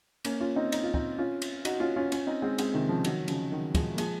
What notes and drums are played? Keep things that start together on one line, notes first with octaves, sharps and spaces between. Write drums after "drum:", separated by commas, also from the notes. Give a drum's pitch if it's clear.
A#3 C#4, drum: cymbal
C#4 F4
C4 D#4
D#4, drum: cymbal
F4
C4 D#4, drum: kick
C#4 F4
drum: cymbal
D#4 F#4, drum: cymbal
C#4 F4
C#4 F4
C#4 F4, drum: cymbal
C4 D#4
G#3 C4
G#3 C4, drum: cymbal
C3 D#3
C#3 F3
D#3 F#3, drum: cymbal
C#3 F3, drum: cymbal
D#3 F#3
F3 G#3, drum: kick, cymbal
A#3
F3 G#3, drum: cymbal